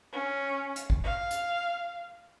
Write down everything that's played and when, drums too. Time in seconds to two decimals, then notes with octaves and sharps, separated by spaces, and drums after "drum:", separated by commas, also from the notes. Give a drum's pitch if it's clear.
0.13 C#4
0.76 drum: hi-hat
0.90 drum: kick
1.04 F5
1.31 drum: hi-hat